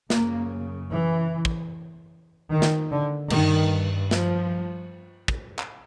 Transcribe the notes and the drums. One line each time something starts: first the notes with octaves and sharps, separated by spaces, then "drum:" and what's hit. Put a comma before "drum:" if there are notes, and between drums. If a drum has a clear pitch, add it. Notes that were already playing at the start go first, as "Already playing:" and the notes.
F#2 C#3 A#3, drum: snare
E3
drum: kick
D#3
drum: snare
D3
G2 D#3, drum: cymbal
F3, drum: snare
drum: kick
drum: clap